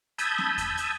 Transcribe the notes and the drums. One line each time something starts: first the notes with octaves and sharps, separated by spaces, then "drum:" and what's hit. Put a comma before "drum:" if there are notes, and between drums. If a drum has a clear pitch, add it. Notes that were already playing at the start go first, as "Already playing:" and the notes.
A5 B5 D#6 E6 G6 G#6, drum: hi-hat
drum: snare
drum: kick E2, hi-hat
drum: hi-hat